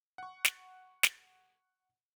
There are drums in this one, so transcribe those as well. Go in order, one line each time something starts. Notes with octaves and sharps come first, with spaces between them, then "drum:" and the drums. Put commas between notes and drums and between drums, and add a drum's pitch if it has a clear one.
F#5 C#6
drum: snare
drum: snare